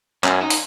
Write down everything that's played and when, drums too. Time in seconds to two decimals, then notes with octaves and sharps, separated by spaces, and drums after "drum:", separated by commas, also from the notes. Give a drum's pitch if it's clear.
0.24 F#2 C#4, drum: clap
0.41 D#4
0.50 drum: open hi-hat